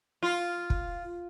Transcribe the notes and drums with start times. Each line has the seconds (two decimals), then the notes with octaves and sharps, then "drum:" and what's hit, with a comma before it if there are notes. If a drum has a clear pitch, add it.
0.23 F4
0.70 drum: kick